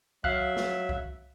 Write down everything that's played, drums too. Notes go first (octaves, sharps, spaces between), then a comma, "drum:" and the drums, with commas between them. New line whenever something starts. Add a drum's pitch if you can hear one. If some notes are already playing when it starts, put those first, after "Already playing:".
F#3 E5 F5 F#6, drum: kick C2
drum: snare
drum: kick C2